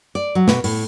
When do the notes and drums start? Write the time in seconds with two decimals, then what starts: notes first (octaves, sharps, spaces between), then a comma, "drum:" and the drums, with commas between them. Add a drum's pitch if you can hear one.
0.15 D5
0.35 F#3
0.48 B2, drum: snare
0.64 A2, drum: open hi-hat